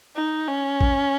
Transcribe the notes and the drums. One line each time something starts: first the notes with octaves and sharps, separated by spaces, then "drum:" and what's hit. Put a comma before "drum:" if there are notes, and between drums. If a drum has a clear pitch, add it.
D#4
C#4
drum: kick